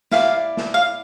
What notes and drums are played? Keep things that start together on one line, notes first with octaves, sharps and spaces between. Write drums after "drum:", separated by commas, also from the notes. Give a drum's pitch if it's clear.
E4 G4 B4 D5 F5, drum: snare
drum: snare
F5